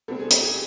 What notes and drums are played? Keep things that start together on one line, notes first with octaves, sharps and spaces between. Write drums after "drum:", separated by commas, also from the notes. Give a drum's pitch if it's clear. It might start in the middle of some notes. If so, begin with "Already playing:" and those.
C2 B2 G3 C4 A4
G#4
G4, drum: hi-hat
G#4